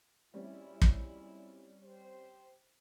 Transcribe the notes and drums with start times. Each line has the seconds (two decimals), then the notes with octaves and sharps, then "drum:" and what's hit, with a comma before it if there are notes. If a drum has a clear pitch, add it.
0.34 A#2 G3 G#3 C4 C#4 E4
0.82 drum: kick
1.83 G4 C5